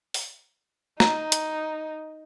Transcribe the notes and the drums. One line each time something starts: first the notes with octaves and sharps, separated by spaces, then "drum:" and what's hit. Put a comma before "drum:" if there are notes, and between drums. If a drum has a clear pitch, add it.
drum: open hi-hat
D#4 A#5, drum: snare
drum: hi-hat